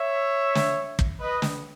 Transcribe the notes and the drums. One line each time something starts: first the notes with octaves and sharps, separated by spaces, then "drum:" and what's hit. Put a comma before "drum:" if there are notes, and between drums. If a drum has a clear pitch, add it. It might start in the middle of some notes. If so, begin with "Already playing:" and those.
Already playing: C#5 E5
drum: snare
drum: kick
B4 D#5
drum: snare